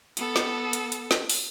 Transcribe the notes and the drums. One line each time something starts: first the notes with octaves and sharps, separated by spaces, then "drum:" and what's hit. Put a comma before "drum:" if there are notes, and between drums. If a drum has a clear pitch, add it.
B3 A4, drum: hi-hat
drum: snare
drum: hi-hat
drum: hi-hat
drum: snare
drum: open hi-hat